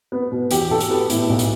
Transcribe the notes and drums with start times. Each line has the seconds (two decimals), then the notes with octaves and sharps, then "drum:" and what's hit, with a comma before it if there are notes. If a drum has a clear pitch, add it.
0.12 B3
0.32 B2
0.51 E2 G4, drum: hi-hat
0.70 B2 A4
0.81 drum: hi-hat
0.91 B3 G4
1.10 A2, drum: hi-hat
1.30 B1
1.39 drum: hi-hat